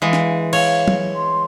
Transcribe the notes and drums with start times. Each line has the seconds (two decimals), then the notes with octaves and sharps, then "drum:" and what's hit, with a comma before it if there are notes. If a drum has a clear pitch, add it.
0.02 E3 G#3 F5
0.13 drum: snare
0.53 C#5 F5, drum: cymbal
0.88 drum: tom
1.15 C6